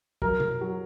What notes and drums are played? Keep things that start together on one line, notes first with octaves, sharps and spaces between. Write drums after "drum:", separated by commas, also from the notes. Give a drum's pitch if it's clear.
F#2 A#4, drum: kick
drum: tom
F#3